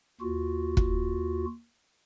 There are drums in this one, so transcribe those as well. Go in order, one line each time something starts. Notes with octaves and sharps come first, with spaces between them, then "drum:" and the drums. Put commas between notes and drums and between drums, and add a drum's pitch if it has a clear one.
D#2 F4 F#4
drum: kick